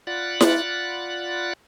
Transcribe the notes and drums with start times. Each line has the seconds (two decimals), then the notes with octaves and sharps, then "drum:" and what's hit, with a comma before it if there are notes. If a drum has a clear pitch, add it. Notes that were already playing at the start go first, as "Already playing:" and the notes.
0.07 F4 D5 F#5 B5 F#6 A6
0.41 drum: snare E4